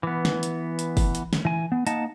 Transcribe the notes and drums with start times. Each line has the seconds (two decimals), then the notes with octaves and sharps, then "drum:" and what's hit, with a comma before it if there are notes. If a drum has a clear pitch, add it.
0.03 E3 B3
0.25 drum: snare
0.43 drum: hi-hat
0.79 drum: hi-hat
0.97 drum: kick, open hi-hat
1.15 drum: hi-hat
1.33 drum: snare
1.45 E3 G#5
1.72 B3
1.87 A#3 D#4 D#5 F#5 A5, drum: hi-hat